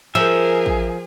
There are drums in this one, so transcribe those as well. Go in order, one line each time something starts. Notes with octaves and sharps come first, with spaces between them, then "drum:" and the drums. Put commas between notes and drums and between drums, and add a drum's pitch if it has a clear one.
F3 G#4 A#4 E5
drum: kick